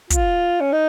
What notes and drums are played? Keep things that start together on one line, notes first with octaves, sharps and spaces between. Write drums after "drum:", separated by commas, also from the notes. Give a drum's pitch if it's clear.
F4, drum: kick, hi-hat
C#4
D#4